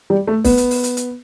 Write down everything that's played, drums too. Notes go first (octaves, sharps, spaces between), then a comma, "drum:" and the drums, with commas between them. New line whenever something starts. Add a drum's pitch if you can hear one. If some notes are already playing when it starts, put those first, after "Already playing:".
G3
A3
B3, drum: kick, open hi-hat
drum: hi-hat
drum: open hi-hat
drum: hi-hat
drum: hi-hat